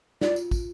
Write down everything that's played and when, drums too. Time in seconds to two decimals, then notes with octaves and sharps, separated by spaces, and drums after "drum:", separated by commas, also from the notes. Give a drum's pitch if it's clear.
0.21 F4 D5, drum: snare
0.36 drum: tambourine
0.51 drum: kick, tambourine